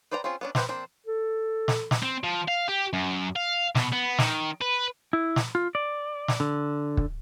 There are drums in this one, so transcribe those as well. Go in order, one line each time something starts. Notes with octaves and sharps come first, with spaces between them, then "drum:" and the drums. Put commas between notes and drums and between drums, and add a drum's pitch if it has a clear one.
B4 C5 D5 G5 A#5
C4 C#4 F4 G#4
B3 C#4 D4
G4 B4 C5 E5 F5, drum: snare
A#3 C4 D4
A4
drum: snare
drum: snare
C4
F3
F5
G4
F#2
F5
B2, drum: snare
B3
D#3, drum: snare
B4
E4
drum: snare
F4
D5
drum: snare
D3
drum: kick